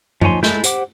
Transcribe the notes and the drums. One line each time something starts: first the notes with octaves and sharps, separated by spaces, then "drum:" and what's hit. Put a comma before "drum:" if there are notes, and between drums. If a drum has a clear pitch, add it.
F3 D#4 C#5 G#5 C6, drum: tom F#2
G#3 A3 E4 G6, drum: snare
G4 C5 F#5 D6, drum: hi-hat